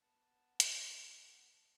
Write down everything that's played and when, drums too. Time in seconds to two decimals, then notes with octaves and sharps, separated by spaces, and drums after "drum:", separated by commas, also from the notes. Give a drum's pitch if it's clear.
0.02 B3 F#5 A5
0.60 drum: hi-hat